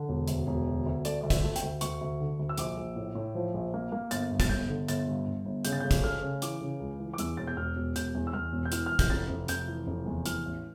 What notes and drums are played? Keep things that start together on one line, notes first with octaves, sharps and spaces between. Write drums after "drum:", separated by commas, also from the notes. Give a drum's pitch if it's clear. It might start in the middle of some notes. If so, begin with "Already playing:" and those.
Already playing: D3
E1
D2, drum: hi-hat
E1
D2
D2
A3 D5, drum: hi-hat
D2 D5
E5, drum: kick, hi-hat
A3
G5, drum: hi-hat
D2
D2 C#6, drum: hi-hat
D2
D3
D2
E6
A#1 D6, drum: hi-hat
A#1
A2
A2
F3
A#1
A#3
A#3
G1 A6, drum: hi-hat
G2
A6, drum: kick, hi-hat
G1 G6
D3
G1 A6, drum: hi-hat
G2
G2
G1
C#3 G6, drum: hi-hat
A6
C#3 G6
drum: kick, hi-hat
A3 F6
C#3
E3 D6, drum: hi-hat
C#3
C#2
E3
D6
E2 E6, drum: hi-hat
E1 A6
G6
E1 F6
E1
E1 G6, drum: hi-hat
E2
E6
E2 F6
E1
G6
E3 F6, drum: hi-hat
F6
E3
G6, drum: kick, hi-hat
F1 A6
F1
F1 G6, drum: hi-hat
E3
F1
E2
E3 F6, drum: hi-hat
A1